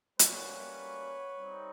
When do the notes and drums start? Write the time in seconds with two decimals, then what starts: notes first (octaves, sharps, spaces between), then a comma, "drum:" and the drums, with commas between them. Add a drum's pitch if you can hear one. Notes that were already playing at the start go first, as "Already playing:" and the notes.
0.19 G3 A#3 C#4 F#4 B4 C#5, drum: hi-hat
1.39 G3 C4 D#4